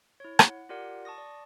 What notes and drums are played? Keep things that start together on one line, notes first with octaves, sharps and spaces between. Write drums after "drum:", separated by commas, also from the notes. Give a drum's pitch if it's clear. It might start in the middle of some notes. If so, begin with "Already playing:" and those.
E4 C#5
F#5, drum: rim click
F4 G4 A#4 D5 F#5
A5 C#6 D#6 A#6
D5